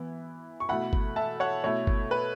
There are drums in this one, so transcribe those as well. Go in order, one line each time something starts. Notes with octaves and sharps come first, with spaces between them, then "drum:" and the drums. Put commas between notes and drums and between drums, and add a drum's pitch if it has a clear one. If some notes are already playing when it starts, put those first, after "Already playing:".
Already playing: E3 B3 E4
C#6
B2 A3 E4 F#5 B5
drum: kick G1
E5 A5
C#5 F#5
B2 A3 E4 C#5
drum: kick G1
B4